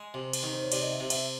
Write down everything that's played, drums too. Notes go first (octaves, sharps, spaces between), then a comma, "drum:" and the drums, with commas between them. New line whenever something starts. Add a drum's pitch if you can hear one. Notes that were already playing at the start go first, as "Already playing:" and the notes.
Already playing: G#3
C3
drum: cymbal
D#3
C5
C#5
C3 D5, drum: cymbal
D#5
E5
C3
E5, drum: cymbal